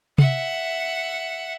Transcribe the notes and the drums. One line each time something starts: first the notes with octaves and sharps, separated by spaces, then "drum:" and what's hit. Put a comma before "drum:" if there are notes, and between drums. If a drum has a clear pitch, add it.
E5 F#5, drum: tom C3